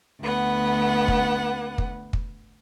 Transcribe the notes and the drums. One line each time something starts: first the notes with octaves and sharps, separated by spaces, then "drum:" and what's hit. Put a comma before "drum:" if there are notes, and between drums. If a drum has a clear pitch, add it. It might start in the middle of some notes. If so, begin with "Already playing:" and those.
D2 B3 F#5
drum: kick
drum: kick
drum: kick